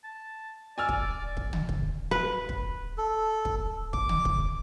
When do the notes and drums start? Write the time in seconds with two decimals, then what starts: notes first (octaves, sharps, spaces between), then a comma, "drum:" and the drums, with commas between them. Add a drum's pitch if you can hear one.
0.04 A5
0.78 D5 G#5 E6 F6
0.89 drum: kick
1.37 drum: kick
1.53 drum: tom
1.69 drum: kick
2.11 B4
2.49 drum: kick
2.98 A4
3.45 drum: kick
3.93 D6, drum: kick
4.09 drum: tom
4.25 drum: kick